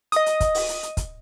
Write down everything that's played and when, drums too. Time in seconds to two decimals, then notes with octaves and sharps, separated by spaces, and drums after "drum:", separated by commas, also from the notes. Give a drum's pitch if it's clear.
0.12 D#5 D#6, drum: hi-hat
0.26 drum: hi-hat
0.40 drum: kick, hi-hat
0.55 drum: open hi-hat
0.69 drum: hi-hat
0.83 drum: hi-hat
0.97 drum: kick, hi-hat